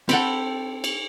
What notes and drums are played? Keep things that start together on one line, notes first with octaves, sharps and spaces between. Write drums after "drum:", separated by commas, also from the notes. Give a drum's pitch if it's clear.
C4 A4 F#5 G5 B5, drum: cymbal
drum: cymbal